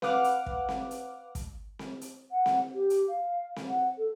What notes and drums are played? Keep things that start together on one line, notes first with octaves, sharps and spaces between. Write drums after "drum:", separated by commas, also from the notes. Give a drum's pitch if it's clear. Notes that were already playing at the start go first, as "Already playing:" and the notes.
B4 F5 F#5 D6 F6, drum: snare C4
drum: hi-hat
drum: kick
drum: snare C4
drum: hi-hat
drum: kick, hi-hat
drum: snare C4
drum: hi-hat
F#5
drum: snare C4
G4
drum: hi-hat
F5
drum: snare C4
F#5
A4